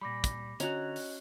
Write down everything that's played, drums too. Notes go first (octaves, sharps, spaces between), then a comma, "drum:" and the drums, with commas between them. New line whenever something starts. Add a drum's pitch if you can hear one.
A#2 G3 B5 D6 A#6
drum: kick, hi-hat
D3 C#4 F#4 D#5 A#5 F#6, drum: hi-hat
drum: open hi-hat